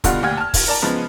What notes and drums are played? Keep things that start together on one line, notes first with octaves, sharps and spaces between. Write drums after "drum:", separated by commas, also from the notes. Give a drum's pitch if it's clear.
G2 B2 D3 G3 F4 F#5, drum: kick, hi-hat
D2 A#2 G4 F#5 F6 G#6
A5 F6
drum: kick, open hi-hat
A#4 D5 A5
C#3 F3 G#3 B3